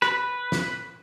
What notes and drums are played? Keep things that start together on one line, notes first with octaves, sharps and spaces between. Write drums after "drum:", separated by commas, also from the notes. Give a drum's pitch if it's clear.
B4, drum: rim click
drum: snare